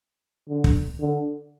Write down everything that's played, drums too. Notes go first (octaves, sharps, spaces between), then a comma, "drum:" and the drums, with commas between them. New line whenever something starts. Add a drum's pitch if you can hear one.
D3
drum: kick
D3